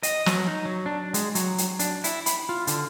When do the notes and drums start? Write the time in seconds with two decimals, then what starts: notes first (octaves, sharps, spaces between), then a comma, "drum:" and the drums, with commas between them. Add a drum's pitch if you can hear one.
0.03 D#5, drum: hi-hat
0.26 F#3, drum: snare
0.47 D#4
0.65 F#3
0.86 D4
1.14 G#3, drum: hi-hat
1.35 F#3, drum: hi-hat
1.58 drum: hi-hat
1.79 D4, drum: hi-hat
2.04 E4, drum: hi-hat
2.26 B5, drum: hi-hat
2.49 F4
2.67 D3, drum: hi-hat